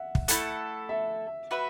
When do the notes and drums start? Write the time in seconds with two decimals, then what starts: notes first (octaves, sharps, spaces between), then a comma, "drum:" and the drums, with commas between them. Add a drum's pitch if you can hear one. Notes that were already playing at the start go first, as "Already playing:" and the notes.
Already playing: E5 F#5
0.15 drum: kick
0.28 A3 E4 A4 F#5, drum: hi-hat
0.89 E5
1.51 F#4 B4 E5